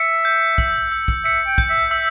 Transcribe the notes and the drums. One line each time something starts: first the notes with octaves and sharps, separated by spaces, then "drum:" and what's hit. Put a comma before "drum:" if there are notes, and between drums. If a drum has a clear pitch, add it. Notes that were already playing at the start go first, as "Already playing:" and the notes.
Already playing: E5 C#7
G6
E6, drum: kick
E6
drum: kick
E5 C#7
G5
G6, drum: kick
E5
E5 E6